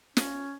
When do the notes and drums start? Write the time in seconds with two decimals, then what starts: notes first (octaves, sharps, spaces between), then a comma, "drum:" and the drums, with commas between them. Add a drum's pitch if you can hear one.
0.17 C#4, drum: snare